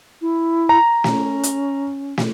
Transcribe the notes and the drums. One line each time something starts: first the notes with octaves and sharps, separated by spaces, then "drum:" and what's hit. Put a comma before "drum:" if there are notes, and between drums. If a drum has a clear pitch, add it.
E4
A#5
C#4, drum: snare
drum: hi-hat
drum: snare